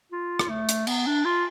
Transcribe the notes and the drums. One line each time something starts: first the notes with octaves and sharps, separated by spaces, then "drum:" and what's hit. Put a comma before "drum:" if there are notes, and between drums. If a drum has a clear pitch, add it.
F4
drum: rim click
A3
drum: hi-hat
B3, drum: cymbal
D4
F4